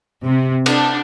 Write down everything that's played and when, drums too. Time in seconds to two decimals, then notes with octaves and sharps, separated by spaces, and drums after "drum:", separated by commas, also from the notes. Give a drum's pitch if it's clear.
0.24 C3
0.66 D4, drum: cymbal